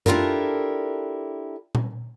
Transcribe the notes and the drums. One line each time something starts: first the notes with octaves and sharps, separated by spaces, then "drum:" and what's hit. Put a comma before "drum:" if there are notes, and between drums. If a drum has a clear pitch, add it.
D4 E4 F4 G4 A4 A#4, drum: tom F#2
drum: tom A#2